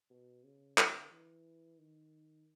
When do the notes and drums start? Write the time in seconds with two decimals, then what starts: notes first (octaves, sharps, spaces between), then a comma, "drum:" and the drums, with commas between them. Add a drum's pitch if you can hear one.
0.10 B2
0.45 C#3
0.78 D3, drum: clap
1.11 E3
1.79 D#3